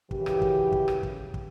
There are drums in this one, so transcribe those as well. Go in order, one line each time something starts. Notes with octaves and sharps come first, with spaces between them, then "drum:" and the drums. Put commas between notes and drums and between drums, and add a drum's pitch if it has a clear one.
F#2 C#3 E3 G4, drum: kick
drum: rim click
drum: kick
drum: kick
drum: rim click
drum: kick
drum: kick